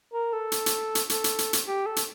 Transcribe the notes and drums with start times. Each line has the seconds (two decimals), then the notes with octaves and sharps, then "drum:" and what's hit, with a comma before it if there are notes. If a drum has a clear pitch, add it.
0.13 A#4
0.33 A4
0.52 drum: hi-hat
0.66 drum: hi-hat
0.95 drum: hi-hat
1.10 A4, drum: hi-hat
1.24 drum: hi-hat
1.39 drum: hi-hat
1.53 drum: hi-hat
1.67 G4
1.86 A4
1.96 drum: hi-hat